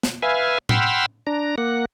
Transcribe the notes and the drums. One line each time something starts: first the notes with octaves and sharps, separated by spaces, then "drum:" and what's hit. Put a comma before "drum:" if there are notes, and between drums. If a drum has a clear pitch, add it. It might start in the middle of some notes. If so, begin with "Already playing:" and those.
drum: snare
B4 E5 F5 G#5
F#5 G5 B5 C6 E6 F6, drum: tom A2
D4 A#5
A#3 F#5